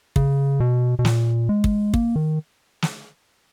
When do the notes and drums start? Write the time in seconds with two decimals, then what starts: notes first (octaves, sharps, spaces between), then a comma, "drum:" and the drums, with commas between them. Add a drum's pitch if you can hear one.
0.16 C#3, drum: kick
0.60 B2
0.99 B2
1.05 A#2, drum: snare
1.49 G#3
1.64 drum: kick
1.94 A#3, drum: kick
2.16 D#3
2.82 drum: snare